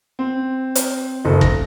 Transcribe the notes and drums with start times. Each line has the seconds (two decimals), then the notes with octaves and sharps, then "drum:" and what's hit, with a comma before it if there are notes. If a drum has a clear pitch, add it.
0.19 C4
0.75 drum: hi-hat
1.25 F#1 D#2 A4
1.41 A#6, drum: kick